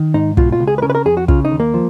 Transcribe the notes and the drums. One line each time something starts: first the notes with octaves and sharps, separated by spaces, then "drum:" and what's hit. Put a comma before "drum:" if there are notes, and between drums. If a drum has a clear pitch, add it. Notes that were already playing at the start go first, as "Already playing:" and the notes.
Already playing: D#3
G#2 D#4
B2 F4, drum: kick
F4
C#2
G#4
B4
C#3 A#4
B4
A#4
F2 G#4
F#4
C#3 F4, drum: kick
D#4
D#2
A#3
F3